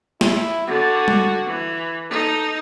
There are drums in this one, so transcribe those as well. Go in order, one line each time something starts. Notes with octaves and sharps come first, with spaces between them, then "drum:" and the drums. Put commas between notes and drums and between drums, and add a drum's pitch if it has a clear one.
E4, drum: snare
D3 F#4
drum: tom G3
E3
D#4 A4